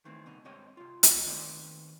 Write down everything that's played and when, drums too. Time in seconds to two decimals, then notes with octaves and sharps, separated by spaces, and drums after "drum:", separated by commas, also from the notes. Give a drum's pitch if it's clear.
0.05 D#3 E3 A3 C4
0.26 C2 B2 D#4
0.45 G2 G#3 C4 C#5 D#5 G5
0.77 C3 F4
1.03 drum: hi-hat
1.26 D#3 A3 B3 C4 D5